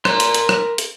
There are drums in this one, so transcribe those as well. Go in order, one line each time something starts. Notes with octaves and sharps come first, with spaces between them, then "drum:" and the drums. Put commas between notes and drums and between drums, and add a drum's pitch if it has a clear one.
A#4 C6, drum: rim click
drum: hi-hat
drum: hi-hat
drum: rim click
drum: hi-hat